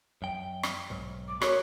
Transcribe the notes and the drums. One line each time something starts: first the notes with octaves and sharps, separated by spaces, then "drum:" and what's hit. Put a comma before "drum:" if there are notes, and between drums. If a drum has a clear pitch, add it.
F#2 G5
drum: rim click
B1 G#2
D6
F#4 G#4 A#4 C#5, drum: rim click